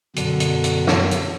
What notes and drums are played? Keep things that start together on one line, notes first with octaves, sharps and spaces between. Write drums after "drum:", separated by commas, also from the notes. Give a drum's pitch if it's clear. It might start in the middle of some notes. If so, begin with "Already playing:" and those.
F#2 B2 D3 F#3, drum: hi-hat
drum: hi-hat
drum: hi-hat
drum: snare
drum: hi-hat